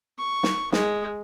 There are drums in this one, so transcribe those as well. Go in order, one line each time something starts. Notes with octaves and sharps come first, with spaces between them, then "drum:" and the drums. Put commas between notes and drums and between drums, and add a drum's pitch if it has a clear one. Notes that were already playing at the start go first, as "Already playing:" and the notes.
C#6
drum: snare
G#3, drum: snare